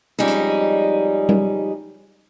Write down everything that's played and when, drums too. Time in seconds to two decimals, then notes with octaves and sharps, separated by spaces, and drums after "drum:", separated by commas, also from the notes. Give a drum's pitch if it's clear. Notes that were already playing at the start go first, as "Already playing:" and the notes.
0.19 F2 G3 G#3 C#4 D#4
0.28 drum: hi-hat
1.29 drum: tom G3